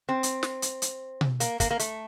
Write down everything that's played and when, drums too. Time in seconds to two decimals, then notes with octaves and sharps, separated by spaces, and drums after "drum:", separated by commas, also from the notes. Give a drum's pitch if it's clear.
0.09 C4
0.23 drum: hi-hat
0.43 drum: snare
0.62 drum: hi-hat
0.82 drum: hi-hat
1.21 drum: tom B2
1.40 A#3, drum: hi-hat
1.60 A#3, drum: kick, hi-hat
1.71 A#3
1.79 A3, drum: hi-hat